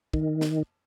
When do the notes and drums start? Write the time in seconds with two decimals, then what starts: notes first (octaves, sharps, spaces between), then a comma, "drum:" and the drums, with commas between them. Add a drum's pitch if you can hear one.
0.13 D#3, drum: kick
0.41 drum: snare